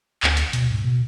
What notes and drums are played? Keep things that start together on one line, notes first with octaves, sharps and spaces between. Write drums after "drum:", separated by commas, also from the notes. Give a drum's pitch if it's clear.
D2, drum: clap
drum: hi-hat
B2, drum: hi-hat
G#2
B2